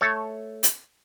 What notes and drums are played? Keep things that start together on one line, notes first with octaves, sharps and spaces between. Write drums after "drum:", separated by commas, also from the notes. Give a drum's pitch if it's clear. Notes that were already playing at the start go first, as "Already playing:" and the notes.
A3 A4 C#5
drum: hi-hat